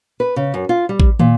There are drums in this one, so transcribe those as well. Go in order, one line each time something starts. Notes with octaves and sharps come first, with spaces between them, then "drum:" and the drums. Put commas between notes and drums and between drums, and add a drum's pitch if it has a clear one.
B4
C#3
F#2
F4
G3
drum: kick A1
A#2, drum: tom